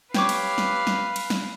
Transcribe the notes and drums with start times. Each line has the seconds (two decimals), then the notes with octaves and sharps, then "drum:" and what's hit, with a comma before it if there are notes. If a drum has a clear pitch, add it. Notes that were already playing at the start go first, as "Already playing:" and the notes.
0.14 G4 B4 C#5 F5 D6, drum: snare
0.29 drum: cymbal
0.58 drum: snare
0.87 drum: snare
1.16 drum: cymbal
1.30 drum: snare